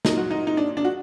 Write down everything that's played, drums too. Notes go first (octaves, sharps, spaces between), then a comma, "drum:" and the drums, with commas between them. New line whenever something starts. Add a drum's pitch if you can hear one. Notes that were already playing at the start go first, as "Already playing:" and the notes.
A#2 F#3 D#4, drum: snare
F#4
D#4
D#4
D4
D4
F#4